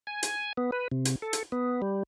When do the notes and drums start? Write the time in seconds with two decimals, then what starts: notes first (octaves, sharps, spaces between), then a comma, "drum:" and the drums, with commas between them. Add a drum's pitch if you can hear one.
0.07 G#5
0.23 drum: hi-hat
0.57 B3
0.72 B4
0.92 C3
1.05 drum: hi-hat
1.22 A4
1.33 drum: hi-hat
1.52 B3
1.82 G3